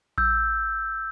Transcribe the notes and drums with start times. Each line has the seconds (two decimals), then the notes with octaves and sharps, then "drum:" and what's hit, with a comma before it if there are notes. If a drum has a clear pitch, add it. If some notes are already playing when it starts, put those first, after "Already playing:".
0.18 E6 G6, drum: kick A#1